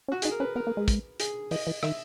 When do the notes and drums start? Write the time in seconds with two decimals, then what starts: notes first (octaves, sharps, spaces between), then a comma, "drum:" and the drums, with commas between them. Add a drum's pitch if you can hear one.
0.08 C#4
0.12 F#4
0.22 D#4 G#4, drum: hi-hat
0.31 A#4
0.40 C#4 B4
0.56 B3 A#4
0.67 A#3
0.77 G#3
0.88 drum: kick, hi-hat
1.20 G#4, drum: hi-hat
1.51 E3 D#5, drum: open hi-hat
1.67 E3
1.83 D#3 E5, drum: rim click